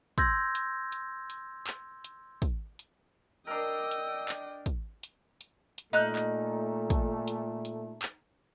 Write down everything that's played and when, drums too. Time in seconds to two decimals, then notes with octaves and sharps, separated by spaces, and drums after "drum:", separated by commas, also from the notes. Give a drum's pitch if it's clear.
0.18 C6 E6 G6 G#6 A#6, drum: kick, hi-hat
0.55 drum: hi-hat
0.92 drum: hi-hat
1.30 drum: hi-hat
1.67 drum: clap
2.04 drum: hi-hat
2.42 drum: kick, hi-hat
2.79 drum: hi-hat
3.47 D4 A#4 D#5 G5 E6
3.91 drum: hi-hat
4.29 drum: clap
4.66 drum: kick, hi-hat
5.03 drum: hi-hat
5.41 drum: hi-hat
5.78 drum: hi-hat
5.93 A#2 A3 D#4 F6 F#6
6.15 drum: clap
6.90 drum: kick, hi-hat
7.28 drum: hi-hat
7.65 drum: hi-hat
8.02 drum: clap